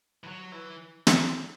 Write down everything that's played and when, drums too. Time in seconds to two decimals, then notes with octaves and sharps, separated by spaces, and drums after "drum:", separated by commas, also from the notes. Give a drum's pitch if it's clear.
0.24 E3
0.28 F#3
0.52 E3
1.07 drum: snare